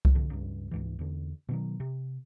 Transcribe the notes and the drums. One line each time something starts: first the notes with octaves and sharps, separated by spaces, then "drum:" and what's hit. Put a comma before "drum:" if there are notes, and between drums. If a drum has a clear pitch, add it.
drum: kick C2
C2 D3
C#2 G2
C#2 G#2 E3
E2 D3
B2 D#3 F#3
C3